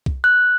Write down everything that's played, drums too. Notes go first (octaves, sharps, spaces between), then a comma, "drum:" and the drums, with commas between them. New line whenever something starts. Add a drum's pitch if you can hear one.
drum: kick B1
F#6